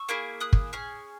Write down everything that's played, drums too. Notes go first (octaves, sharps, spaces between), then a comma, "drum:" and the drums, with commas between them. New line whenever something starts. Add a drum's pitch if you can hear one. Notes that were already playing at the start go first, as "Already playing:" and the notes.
Already playing: C#6 E6
A#3 E4 G#4
D#6 F#6
drum: kick
C#4 G#4